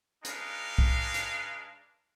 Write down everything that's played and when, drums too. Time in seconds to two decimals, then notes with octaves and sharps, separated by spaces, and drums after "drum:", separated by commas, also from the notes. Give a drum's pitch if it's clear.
0.25 G#3 D4 D#4 B4 F5, drum: hi-hat
0.78 drum: kick
1.14 drum: hi-hat